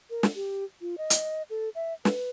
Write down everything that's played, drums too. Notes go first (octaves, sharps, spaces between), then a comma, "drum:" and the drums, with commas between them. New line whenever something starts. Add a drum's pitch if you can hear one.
A#4
drum: snare
G4
F4
D#5
drum: hi-hat
A4
E5
B4, drum: snare